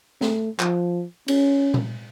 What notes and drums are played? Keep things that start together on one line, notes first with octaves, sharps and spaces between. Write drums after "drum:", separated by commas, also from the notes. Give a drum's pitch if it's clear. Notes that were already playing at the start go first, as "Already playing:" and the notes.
A3, drum: snare
F3, drum: clap
C#4, drum: cymbal
drum: tom A#2